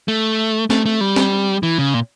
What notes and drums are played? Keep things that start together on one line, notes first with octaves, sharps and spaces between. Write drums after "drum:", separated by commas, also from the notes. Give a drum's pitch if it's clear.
A3
A3, drum: snare C4
A3
G3
drum: snare C4
E3
C#3
A#2